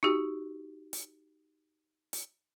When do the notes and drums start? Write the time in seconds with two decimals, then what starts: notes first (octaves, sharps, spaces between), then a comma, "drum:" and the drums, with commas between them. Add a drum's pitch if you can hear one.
0.03 D#4 F#4 G4
0.93 drum: hi-hat
2.13 drum: hi-hat